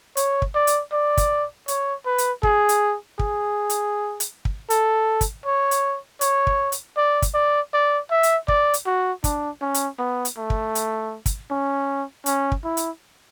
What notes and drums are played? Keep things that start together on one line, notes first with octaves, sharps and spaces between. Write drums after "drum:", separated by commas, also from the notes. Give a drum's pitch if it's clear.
C#5, drum: hi-hat
drum: kick
D5
drum: hi-hat
D5
drum: kick, hi-hat
C#5, drum: hi-hat
B4
drum: hi-hat
G#4, drum: kick
drum: hi-hat
G#4, drum: kick
drum: hi-hat
drum: hi-hat
drum: kick
A4, drum: hi-hat
drum: kick, hi-hat
C#5
drum: hi-hat
C#5, drum: hi-hat
drum: kick
drum: hi-hat
D5
drum: kick, hi-hat
D5
D5
E5
drum: hi-hat
D5, drum: kick
drum: hi-hat
F#4
D4, drum: kick, hi-hat
C#4
drum: hi-hat
B3
drum: hi-hat
A3
drum: kick
drum: hi-hat
drum: kick, hi-hat
C#4
C#4, drum: hi-hat
drum: kick
E4
drum: hi-hat